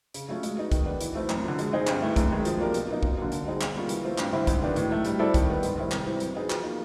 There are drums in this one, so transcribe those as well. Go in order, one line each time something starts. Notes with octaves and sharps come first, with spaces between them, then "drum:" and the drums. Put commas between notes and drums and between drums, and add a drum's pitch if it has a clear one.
C#3, drum: hi-hat
F#3 A3 C#4 F4
G#3, drum: hi-hat
B3 D#4
D#3, drum: kick, hi-hat
F#3 B3 D4
E3, drum: hi-hat
A3 C4 E4
F#2, drum: clap
D3 F3
G#3, drum: hi-hat
C4 D#4 G#4
G2, drum: clap
E3 A3
F#2, drum: kick, hi-hat
D#3 G#3
F3, drum: hi-hat
A#3 D4 G4 A#4
B2, drum: hi-hat
F#3 A#3 D#4
F#2, drum: kick
D3 F#3 A#3
D3, drum: hi-hat
G3 C4 D#4 G#4
B2, drum: clap
G3 A#3 C#4 F4
E3, drum: hi-hat
A3 C4 F4
G2, drum: clap
D3 G3 C4 E4
G#2, drum: kick, hi-hat
D#3 F#3 B3 D4
A2, drum: hi-hat
F#3 A3
G3, drum: hi-hat
C4 E4 A4 D5
D#3, drum: kick, hi-hat
G3 B3
G#2, drum: hi-hat
D#3 G3 C4 E4
C3, drum: clap
E3 G3 C4
F#3, drum: hi-hat
B3 D#4 G#4 C5
F3, drum: clap
A#3 D#4